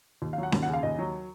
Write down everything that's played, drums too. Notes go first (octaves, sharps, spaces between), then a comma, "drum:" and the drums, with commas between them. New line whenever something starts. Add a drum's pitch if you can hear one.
D#2
F5
F#3
F#5
D#2, drum: snare C#4
F#5
C#3
F5
D#2 D#5
F#3